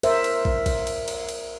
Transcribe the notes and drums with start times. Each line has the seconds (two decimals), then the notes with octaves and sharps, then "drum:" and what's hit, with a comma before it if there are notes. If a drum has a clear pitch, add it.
0.03 A#4 C5 E5, drum: cymbal
0.24 drum: cymbal
0.45 drum: kick
0.66 drum: kick, cymbal
0.87 drum: cymbal
1.08 drum: cymbal
1.29 drum: cymbal